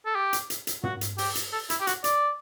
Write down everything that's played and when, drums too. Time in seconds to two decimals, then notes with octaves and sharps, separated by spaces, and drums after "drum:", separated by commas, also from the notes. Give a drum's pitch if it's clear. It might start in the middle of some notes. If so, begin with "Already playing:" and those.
0.06 A4
0.15 G4
0.33 drum: hi-hat
0.50 drum: hi-hat
0.67 drum: hi-hat
0.83 F#4, drum: tom
1.01 drum: hi-hat
1.18 G4, drum: open hi-hat
1.35 drum: hi-hat
1.53 A4
1.70 E4, drum: hi-hat
1.80 G4
1.87 F#4, drum: hi-hat
2.04 D5, drum: hi-hat